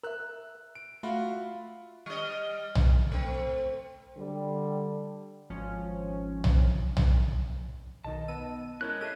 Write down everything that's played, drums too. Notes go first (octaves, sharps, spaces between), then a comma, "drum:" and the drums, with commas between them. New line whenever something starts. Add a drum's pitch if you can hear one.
A#4 E5 E6 F#6
D7
A3 F4 F#4 E5 F5 B5
G3 D#5
drum: tom B1
A3 C4
D3 G3
G#1 F3 C#4
drum: tom B1
drum: tom B1
B1 B2 D#3 D#5 A5
B3 E6 D#7
G#3 C#4 E4 A#4 C#5 D#5 F#6
G4 A4 D#5 E5 A5 C7 D#7